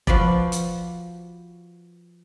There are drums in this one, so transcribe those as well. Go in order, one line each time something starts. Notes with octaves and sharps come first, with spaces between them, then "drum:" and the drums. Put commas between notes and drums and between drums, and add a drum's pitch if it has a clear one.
F3 F#4 B4 D5, drum: kick F1
drum: hi-hat